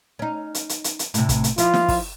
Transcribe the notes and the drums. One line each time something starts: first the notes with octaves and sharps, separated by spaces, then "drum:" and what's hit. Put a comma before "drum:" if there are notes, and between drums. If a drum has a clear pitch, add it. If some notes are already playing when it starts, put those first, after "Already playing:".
C#4 D#4
drum: hi-hat
drum: hi-hat
drum: hi-hat
drum: hi-hat
A2 C3, drum: hi-hat
drum: kick, hi-hat
drum: hi-hat
F3 E4 F4, drum: hi-hat
drum: snare
drum: kick, open hi-hat